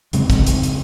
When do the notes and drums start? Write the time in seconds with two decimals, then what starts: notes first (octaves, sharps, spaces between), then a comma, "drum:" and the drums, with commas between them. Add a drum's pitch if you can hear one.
0.13 F2 C#3 G#3 C4, drum: hi-hat
0.30 drum: kick, hi-hat
0.47 drum: hi-hat
0.63 drum: hi-hat